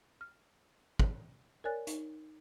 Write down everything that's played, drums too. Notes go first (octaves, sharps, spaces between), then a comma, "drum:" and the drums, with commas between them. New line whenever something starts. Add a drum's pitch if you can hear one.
F6
drum: kick
A#4 C#5 D5 G#5 F#6 A6
D#4, drum: hi-hat